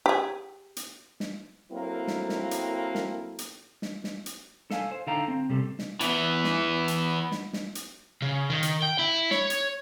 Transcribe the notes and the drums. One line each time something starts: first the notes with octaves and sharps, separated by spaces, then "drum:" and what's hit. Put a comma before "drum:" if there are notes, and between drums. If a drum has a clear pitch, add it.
G4 G#4
drum: hi-hat
drum: snare
F#3 A#3 C4 E4 A4 A#4
drum: snare
drum: snare
drum: hi-hat
drum: snare
drum: hi-hat
drum: snare
drum: snare
drum: hi-hat
A4 F5 G#5, drum: snare
C5
D3 D#4 A4 F5 G5 A#5
C4
C3 G3 C4 A4
drum: snare
E3 B3, drum: hi-hat
drum: snare
drum: hi-hat
drum: snare
drum: snare
drum: hi-hat
C#3
D#3
drum: hi-hat
G5
E4
C#5, drum: snare
drum: hi-hat